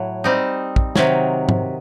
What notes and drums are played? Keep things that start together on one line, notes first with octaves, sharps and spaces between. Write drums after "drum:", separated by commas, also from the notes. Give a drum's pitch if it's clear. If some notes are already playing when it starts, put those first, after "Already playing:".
Already playing: A2 F#3
G3 C4 D#4
drum: kick
C3 D#3 F#3, drum: snare
drum: tom G#2